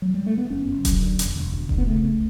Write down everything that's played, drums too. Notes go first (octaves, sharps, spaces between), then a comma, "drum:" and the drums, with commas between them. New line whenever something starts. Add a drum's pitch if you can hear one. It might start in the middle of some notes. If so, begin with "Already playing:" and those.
F#3
G3
A3
B3
F#1 C#4
F#1
F#2, drum: kick D#1, hi-hat
D3
E1, drum: hi-hat
E1
D2
D3, drum: kick D#1
B3
C#3 A3
C#2